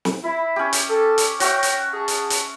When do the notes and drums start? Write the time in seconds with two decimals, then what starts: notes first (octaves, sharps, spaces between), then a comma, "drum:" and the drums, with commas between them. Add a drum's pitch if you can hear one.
0.05 drum: snare
0.24 E4
0.56 C#4 G4
0.73 drum: hi-hat
0.90 A4
1.18 drum: hi-hat
1.40 F#4 C#5 E5 G5, drum: hi-hat
1.63 drum: hi-hat
1.93 G#4 A5
2.08 drum: hi-hat
2.30 drum: hi-hat